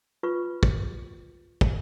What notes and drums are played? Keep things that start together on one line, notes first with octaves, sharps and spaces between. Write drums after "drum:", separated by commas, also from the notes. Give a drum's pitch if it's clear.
F4 B4 C#6
drum: kick
drum: kick